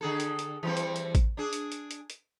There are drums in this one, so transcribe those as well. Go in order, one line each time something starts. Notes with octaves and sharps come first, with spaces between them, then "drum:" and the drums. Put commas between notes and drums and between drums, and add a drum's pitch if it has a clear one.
D3 G#4 A4
drum: hi-hat
drum: hi-hat
E3 G3 C4
drum: hi-hat
drum: hi-hat
drum: kick A1, hi-hat
D4 G#4
drum: hi-hat
drum: hi-hat
drum: hi-hat
drum: hi-hat